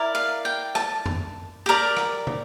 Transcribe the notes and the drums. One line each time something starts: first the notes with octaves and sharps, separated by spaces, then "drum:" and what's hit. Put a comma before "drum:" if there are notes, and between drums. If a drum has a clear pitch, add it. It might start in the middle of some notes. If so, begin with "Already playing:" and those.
Already playing: E4 A#4 D5
F5
G5
A5, drum: rim click
drum: tom F2
G4 A#4 D5
drum: rim click
drum: tom